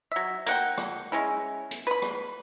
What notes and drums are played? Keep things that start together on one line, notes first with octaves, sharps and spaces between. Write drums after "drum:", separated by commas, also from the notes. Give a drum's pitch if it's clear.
F#3 E5
A#3 F#5 G5, drum: hi-hat
drum: rim click
G#3 C#4 E4
drum: hi-hat
B4 B5
drum: rim click